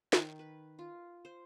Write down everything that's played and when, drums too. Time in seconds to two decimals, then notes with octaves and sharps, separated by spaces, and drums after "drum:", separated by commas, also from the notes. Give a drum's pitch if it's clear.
0.13 D#3, drum: snare
0.39 B4
0.79 F4
1.25 C5